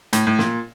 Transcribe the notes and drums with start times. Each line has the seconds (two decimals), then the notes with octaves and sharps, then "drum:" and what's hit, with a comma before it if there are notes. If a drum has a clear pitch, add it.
0.13 A2, drum: hi-hat
0.27 A2
0.39 A#2, drum: snare